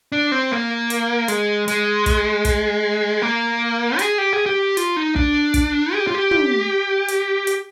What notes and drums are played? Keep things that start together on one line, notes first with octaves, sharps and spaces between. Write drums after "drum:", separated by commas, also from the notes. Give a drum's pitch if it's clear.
D4
C4
A#3
drum: hi-hat
G#3, drum: hi-hat
G#3, drum: hi-hat
drum: kick, hi-hat
drum: kick, hi-hat
A#3
G#4, drum: hi-hat
G4
G#4
G4
F4, drum: hi-hat
D#4
D4, drum: kick
drum: kick, hi-hat
G#4
G4
F4
G4
drum: tom
drum: hi-hat
drum: hi-hat